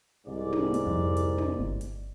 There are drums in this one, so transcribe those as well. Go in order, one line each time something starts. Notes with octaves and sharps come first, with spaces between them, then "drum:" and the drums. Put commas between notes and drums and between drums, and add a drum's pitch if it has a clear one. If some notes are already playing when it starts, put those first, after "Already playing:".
C2 G#2 D5
drum: tom
drum: hi-hat
F2
drum: hi-hat
drum: tom
G1
drum: hi-hat